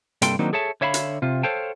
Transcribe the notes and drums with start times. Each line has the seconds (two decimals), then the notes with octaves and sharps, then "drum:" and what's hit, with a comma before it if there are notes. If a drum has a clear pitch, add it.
0.22 G2 C3 A#3 A4 G5 C6, drum: hi-hat
0.39 D#3 F#3 A#3 C4 D4 D#4
0.53 G#4 A4 C#5 E5 A5
0.81 D3 C#5 E5 F5 A5 B5
0.94 drum: hi-hat
1.22 C3 F4
1.43 A4 C5 C#5 F5 G5 A5